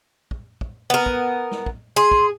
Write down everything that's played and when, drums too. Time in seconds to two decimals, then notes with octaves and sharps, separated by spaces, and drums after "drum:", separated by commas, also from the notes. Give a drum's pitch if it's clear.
0.31 drum: kick
0.61 drum: kick
0.90 B3 A#4
1.06 drum: kick
1.51 drum: snare
1.66 drum: kick
1.96 G#4 C6
2.11 drum: kick